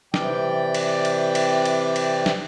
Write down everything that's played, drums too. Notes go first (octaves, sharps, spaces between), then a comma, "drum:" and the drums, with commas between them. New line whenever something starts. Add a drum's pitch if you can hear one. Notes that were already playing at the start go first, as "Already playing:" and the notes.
C3 E3 D5 G5, drum: snare
drum: cymbal
drum: cymbal
drum: cymbal
drum: cymbal
drum: cymbal
drum: snare